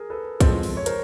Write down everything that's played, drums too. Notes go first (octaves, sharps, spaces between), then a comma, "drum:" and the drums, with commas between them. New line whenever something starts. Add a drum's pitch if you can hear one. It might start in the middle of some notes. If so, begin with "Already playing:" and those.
Already playing: G#4 A#4
A4 B4
F3 G#3 C4, drum: kick, hi-hat
drum: open hi-hat
C#5
A#4 C5, drum: hi-hat